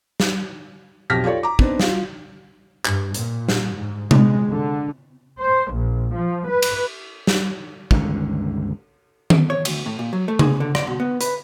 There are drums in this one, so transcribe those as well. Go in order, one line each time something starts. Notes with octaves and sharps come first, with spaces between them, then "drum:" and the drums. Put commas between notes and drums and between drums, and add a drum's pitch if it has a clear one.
drum: snare
B1 F2 G4 F6 A#6 B6
F4 G4 A4 C#5 D5
A#5 D6
B3 C4 D4 D#4, drum: kick
F4 F#4, drum: snare
G2, drum: clap
A#2, drum: hi-hat
drum: snare
G#2
G#3, drum: tom C3
D3
C5
A#1
F3
B4
drum: cymbal
drum: snare
G1 C#2 D3 D#3, drum: kick
drum: tom D#3
C#5
D2, drum: cymbal
A2
A#2
F#3
A3
G#4, drum: tom C#3
D3
D5, drum: rim click
B2
B3
B4, drum: hi-hat